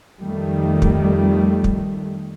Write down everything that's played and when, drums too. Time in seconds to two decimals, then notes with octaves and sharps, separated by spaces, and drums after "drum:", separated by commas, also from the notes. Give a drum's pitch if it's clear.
0.20 F2 D#3 G3 A3
0.82 drum: kick
1.64 drum: kick